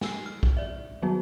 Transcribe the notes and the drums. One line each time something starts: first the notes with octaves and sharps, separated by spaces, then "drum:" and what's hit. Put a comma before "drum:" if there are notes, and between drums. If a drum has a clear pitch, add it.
G#5 E6 C7, drum: snare
F6
drum: kick
D5 E5
D#3 F#3 G3 B3 F#4